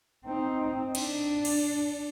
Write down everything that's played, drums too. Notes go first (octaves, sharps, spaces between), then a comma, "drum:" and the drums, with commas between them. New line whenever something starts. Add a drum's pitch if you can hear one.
C4 D#4
D4, drum: cymbal
drum: cymbal